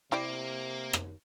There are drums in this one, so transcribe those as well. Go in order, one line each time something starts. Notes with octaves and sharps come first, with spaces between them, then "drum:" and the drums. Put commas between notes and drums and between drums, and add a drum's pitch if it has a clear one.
C3 A#3 E4 G4 D5
drum: rim click